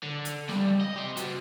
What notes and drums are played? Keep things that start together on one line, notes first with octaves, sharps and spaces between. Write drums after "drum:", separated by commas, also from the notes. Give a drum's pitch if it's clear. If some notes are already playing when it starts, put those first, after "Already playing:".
D3
drum: hi-hat
C#2 G3, drum: snare
D#5
G4 C5
F#4 A5, drum: hi-hat